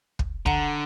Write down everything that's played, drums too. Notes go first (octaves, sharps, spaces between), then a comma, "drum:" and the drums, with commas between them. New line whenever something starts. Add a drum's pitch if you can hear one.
drum: kick
D3 F#5 A#5, drum: kick